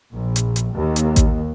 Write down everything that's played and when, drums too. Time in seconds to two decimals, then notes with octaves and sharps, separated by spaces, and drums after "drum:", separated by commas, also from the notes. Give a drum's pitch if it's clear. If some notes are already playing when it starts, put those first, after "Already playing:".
0.13 A#1
0.36 drum: hi-hat
0.56 drum: hi-hat
0.76 D#2
0.96 drum: hi-hat
1.16 drum: kick A1, hi-hat